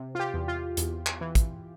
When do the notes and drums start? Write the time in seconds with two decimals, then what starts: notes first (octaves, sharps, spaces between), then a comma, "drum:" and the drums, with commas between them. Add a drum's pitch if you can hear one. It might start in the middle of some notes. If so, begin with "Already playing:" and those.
Already playing: C3
0.15 F4
0.19 G4
0.34 E2
0.48 F4
0.77 E2, drum: hi-hat
1.06 drum: clap
1.21 E3
1.35 drum: kick, hi-hat